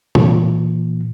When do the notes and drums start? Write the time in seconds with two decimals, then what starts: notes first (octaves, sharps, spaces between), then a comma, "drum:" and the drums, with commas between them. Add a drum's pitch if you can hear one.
0.15 A#2 E3, drum: tom